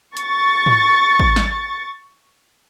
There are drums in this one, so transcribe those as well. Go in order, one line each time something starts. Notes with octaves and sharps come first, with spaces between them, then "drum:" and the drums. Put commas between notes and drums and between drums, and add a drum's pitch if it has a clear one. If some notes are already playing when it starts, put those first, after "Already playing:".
C#6 A6, drum: hi-hat
drum: tom G#2
drum: kick
drum: snare